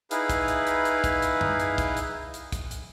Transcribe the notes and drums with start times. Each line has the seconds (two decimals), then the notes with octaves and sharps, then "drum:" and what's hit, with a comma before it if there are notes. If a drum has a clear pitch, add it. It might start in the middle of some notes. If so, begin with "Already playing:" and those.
0.11 D#4 E4 G#4 B4 F5, drum: hi-hat
0.29 drum: kick, hi-hat
0.48 drum: hi-hat
0.67 drum: hi-hat
0.85 drum: hi-hat
1.04 drum: kick, hi-hat
1.22 drum: hi-hat
1.41 drum: tom F#2
1.60 drum: hi-hat
1.78 drum: kick, hi-hat
1.97 drum: hi-hat
2.34 drum: hi-hat
2.52 drum: kick, hi-hat
2.71 drum: hi-hat